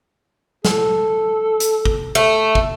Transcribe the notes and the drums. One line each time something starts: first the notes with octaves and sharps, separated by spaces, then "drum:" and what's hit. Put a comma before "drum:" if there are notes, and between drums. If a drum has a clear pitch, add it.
A4, drum: snare
drum: hi-hat
drum: kick
A3
drum: kick